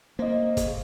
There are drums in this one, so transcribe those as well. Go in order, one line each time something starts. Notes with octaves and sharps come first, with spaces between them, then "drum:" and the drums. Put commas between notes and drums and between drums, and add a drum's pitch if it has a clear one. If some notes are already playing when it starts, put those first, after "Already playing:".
A#3 C5 D#5
drum: kick, hi-hat